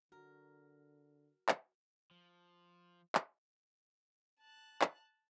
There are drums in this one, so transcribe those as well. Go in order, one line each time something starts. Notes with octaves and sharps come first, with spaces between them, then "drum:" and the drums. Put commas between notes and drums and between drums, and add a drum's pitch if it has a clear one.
D3 F#4 A#4
drum: clap
F3
drum: clap
A5 F#6
drum: clap